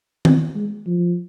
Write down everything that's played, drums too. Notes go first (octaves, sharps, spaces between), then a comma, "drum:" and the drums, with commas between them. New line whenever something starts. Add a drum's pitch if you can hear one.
C4, drum: tom D#3
G#3
F3